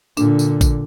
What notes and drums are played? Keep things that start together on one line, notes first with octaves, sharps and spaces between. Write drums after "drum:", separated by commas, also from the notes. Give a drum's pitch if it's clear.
A#2 D3 D4, drum: tambourine
drum: tambourine
drum: kick, tambourine